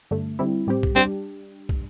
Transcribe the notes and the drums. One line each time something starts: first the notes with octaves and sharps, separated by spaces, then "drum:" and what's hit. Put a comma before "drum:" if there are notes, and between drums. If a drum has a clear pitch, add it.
G2 D3 A3
D3 G3 C4 E4
A2 G3 C4 G4
drum: kick
G3 C4 D4 G4
drum: kick